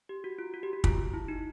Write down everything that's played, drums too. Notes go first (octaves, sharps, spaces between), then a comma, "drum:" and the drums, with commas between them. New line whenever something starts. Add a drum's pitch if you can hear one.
G4
F#4
F4
F#4
G4
F#4
F4, drum: kick
E4
D#4